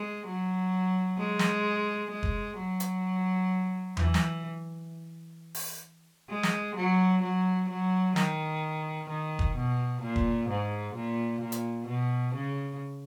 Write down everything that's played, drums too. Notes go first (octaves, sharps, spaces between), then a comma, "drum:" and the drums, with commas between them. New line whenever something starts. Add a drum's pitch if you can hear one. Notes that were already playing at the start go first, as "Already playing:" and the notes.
Already playing: G#3
F#3
G#3
drum: snare
G#3
drum: kick
F#3
drum: hi-hat
E3, drum: tom E2
drum: snare
drum: open hi-hat
G#3
drum: snare
F#3
F#3
F#3
D#3, drum: snare
D#3
drum: kick
B2
A#2
drum: kick
G#2
A#2
A#2
drum: hi-hat
B2
C#3